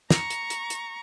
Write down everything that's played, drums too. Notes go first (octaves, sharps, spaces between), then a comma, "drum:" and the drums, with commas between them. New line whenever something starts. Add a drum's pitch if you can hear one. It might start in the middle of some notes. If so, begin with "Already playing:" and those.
A#5 C#6, drum: snare
drum: hi-hat
drum: hi-hat
drum: hi-hat